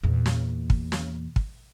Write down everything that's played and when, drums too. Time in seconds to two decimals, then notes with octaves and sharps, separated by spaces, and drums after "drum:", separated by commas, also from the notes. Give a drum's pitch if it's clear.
0.03 E2 A#2
0.26 drum: snare
0.70 drum: kick
0.92 drum: snare
1.36 drum: kick